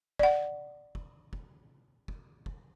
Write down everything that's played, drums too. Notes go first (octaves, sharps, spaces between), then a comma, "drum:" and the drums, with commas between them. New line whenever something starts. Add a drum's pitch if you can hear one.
D5 F#5, drum: kick
drum: kick
drum: kick
drum: kick
drum: kick